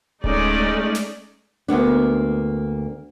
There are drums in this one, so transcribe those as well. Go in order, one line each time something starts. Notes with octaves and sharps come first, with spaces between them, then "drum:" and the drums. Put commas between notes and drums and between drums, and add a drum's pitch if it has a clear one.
G#3 A3 C#4 D#4 D5, drum: kick D1
drum: snare
D2 A#3 B3 D4